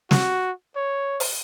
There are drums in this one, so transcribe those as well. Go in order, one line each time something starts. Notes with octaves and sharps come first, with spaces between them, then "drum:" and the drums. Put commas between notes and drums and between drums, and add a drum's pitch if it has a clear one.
F#4, drum: snare
C#5
drum: open hi-hat